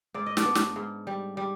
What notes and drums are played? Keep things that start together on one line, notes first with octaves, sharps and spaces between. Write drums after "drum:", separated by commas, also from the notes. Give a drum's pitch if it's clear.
G#2 D5
D#5
D4 D5, drum: snare
B3
drum: snare
G#2
G3
G3